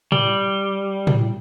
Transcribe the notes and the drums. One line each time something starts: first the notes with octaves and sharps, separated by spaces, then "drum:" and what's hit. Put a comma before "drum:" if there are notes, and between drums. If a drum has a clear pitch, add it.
G3, drum: tom A2
drum: tom A2